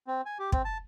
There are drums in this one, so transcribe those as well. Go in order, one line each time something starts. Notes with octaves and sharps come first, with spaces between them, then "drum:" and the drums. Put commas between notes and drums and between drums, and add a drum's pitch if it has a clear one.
C4
G#5
G4
C4, drum: kick
A5